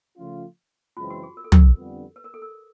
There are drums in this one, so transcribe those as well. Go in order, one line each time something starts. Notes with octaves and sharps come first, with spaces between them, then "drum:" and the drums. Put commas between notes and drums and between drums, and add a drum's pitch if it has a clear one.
C#3 F3 A3 C#4 F4
F#2 C#3 E3 G#3 C4 F4
F#4
G#4
A#4
A4
A#4, drum: tom
F2 D3 G3 B3
B4
A#4
A4
A#4